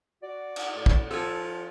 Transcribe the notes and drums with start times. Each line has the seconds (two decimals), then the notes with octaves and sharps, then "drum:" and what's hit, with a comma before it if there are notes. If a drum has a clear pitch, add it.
0.23 F#4 D5
0.56 drum: cymbal
0.76 A2
0.86 drum: kick
1.11 F3 A4 G#5